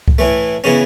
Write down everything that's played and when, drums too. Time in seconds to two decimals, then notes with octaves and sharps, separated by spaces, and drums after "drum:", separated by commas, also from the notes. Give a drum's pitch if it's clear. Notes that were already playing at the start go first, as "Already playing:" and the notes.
0.08 drum: kick C2
0.19 A2 E3 A3
0.64 C#3 E3 B3 C#4